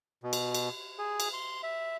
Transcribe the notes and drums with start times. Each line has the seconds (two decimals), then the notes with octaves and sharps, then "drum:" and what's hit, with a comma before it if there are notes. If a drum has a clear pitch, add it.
0.23 B2
0.33 drum: cymbal
0.54 drum: cymbal
0.99 G#4
1.20 drum: cymbal
1.34 C6
1.63 E5